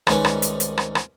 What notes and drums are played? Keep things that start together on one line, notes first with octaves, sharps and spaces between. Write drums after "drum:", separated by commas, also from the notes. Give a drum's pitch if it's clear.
C2 G#2 D#3 C#4 B4, drum: rim click
drum: rim click
drum: hi-hat
drum: hi-hat
drum: rim click
drum: rim click